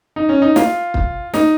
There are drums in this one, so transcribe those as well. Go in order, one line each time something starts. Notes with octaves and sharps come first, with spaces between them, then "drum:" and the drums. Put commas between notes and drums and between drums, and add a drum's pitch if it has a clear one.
D#4
C#4
D#4
F4, drum: snare
drum: kick
D#4, drum: snare